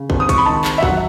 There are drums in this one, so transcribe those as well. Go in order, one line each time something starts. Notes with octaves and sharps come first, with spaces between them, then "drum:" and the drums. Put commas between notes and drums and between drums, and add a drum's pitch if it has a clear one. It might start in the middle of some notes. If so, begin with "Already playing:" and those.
Already playing: C#3
G#1, drum: kick
D#6
C#6, drum: kick, hi-hat
B5
D#3 A5
drum: clap
E5
F#3 F#5, drum: kick